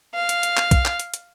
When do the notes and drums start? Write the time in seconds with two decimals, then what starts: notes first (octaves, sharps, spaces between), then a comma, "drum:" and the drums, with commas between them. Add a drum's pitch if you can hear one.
0.14 F5
0.29 drum: hi-hat
0.43 drum: hi-hat
0.57 drum: clap
0.71 drum: kick B1, hi-hat
0.85 drum: clap
0.99 drum: hi-hat
1.14 drum: hi-hat